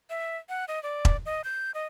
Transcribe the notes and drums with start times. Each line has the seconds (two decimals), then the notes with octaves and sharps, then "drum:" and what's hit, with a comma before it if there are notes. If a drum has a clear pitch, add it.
0.10 E5
0.49 F#5
0.68 D#5
0.83 D5
1.05 drum: kick E1
1.26 D#5
1.44 G6
1.75 D#5